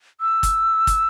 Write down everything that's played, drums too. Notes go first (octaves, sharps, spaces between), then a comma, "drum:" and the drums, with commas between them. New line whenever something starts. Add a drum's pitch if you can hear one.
E6
drum: kick, hi-hat
drum: kick, hi-hat